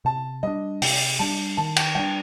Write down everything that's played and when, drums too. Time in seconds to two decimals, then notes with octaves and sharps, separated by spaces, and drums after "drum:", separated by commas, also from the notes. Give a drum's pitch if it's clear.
0.05 C3 A5
0.43 G3 D4 D#5
0.82 C3 G5, drum: open hi-hat
1.19 G3 D4 A5
1.57 D#3 A5
1.76 G5, drum: cymbal
1.95 G3 D4 G5